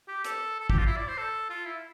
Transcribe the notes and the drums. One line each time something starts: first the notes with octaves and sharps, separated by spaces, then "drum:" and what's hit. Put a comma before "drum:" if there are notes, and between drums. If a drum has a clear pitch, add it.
G4
A4, drum: hi-hat
A4
G4, drum: kick
F4
E4
D5
C5
A4
F4
E4